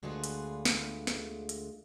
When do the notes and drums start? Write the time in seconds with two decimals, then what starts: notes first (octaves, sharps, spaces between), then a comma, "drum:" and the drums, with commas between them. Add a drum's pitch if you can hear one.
0.03 D2 D3 G#3 F4 G#4 B4
0.24 drum: hi-hat
0.65 drum: snare
1.07 drum: snare
1.49 drum: hi-hat